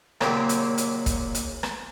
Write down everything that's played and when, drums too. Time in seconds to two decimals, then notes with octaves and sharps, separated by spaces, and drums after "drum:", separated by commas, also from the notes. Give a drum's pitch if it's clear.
0.21 D#2 A#2 C#3 F#3 A#3 C4, drum: rim click
0.49 drum: hi-hat
0.78 drum: hi-hat
1.06 drum: kick, hi-hat
1.35 drum: hi-hat
1.63 drum: rim click